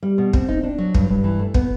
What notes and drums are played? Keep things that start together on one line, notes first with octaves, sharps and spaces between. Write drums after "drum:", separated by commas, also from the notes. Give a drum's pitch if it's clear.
G3
B2
C4, drum: kick
D#4
D4
F#3
G2, drum: kick
G2
E3
A3
B3, drum: kick